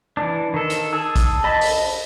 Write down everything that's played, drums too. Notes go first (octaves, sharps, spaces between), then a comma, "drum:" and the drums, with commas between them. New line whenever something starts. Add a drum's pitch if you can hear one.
E3 D4
D#3 A4
drum: hi-hat
G#4 A5 E6
drum: kick B1, hi-hat
D#5 A5 B5
drum: open hi-hat